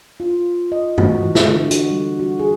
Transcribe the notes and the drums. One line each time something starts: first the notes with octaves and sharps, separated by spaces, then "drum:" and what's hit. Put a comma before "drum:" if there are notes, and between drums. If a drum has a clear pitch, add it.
F4
D#5
F#4, drum: tom
E3
drum: snare
D3
F#4, drum: hi-hat
G3
F#4
G#4